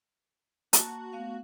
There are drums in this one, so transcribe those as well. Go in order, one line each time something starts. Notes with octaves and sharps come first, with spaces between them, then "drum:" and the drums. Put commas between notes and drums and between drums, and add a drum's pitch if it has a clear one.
A#3 F#4 A5, drum: hi-hat
A3 B3 F5